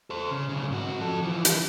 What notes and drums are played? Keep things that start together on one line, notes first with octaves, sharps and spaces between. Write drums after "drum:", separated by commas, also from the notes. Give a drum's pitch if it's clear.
A4 C5
C#3
B1 C#3
G#2 F#4
F3 A4
E3 F3
drum: hi-hat